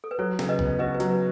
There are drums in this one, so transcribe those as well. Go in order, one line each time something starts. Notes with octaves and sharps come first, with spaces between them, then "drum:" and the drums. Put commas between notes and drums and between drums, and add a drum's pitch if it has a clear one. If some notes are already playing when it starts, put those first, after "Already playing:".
A4
B4
F#3 A4 C#5
C#3, drum: snare
B4 D#5
B3, drum: kick B1
F#4 B4 D#5
B4
F#3, drum: hi-hat
B4